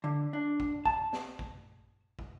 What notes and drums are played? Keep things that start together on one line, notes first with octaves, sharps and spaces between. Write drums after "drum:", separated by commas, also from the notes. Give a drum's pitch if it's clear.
D3
D4
drum: kick
A5, drum: kick
drum: snare
drum: kick
drum: kick